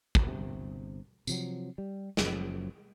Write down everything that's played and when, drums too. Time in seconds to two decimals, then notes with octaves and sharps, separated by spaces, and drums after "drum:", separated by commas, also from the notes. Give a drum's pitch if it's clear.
0.15 drum: kick
0.27 G1 C3
1.27 C3 F3 F#3, drum: tambourine
1.78 G3
2.17 F#1 F#2 F3, drum: snare